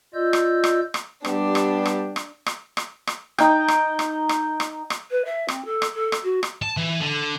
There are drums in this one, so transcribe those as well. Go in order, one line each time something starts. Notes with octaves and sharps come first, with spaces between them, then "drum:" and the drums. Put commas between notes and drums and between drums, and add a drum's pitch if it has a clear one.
F4 D5 D#5 E6 G6
drum: rim click
drum: rim click
drum: rim click
G3 B3 D4 G4, drum: rim click
drum: rim click
drum: rim click
drum: rim click
drum: rim click
drum: rim click
drum: rim click
D#4 G5, drum: rim click
drum: rim click
drum: rim click
drum: rim click
drum: rim click
drum: rim click
B4
E5
C4, drum: rim click
A4
drum: rim click
A4
drum: rim click
F#4
drum: rim click
A5
E3
D3